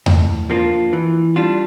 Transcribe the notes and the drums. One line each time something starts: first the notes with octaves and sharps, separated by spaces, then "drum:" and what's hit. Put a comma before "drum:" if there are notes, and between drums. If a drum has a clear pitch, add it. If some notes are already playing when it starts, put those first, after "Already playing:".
A2, drum: tom E2
F3 A#3 D4 F4
E3
G3 D4 F4